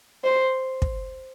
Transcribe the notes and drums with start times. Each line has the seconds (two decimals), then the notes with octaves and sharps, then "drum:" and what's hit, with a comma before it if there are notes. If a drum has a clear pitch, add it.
0.24 C5
0.82 drum: kick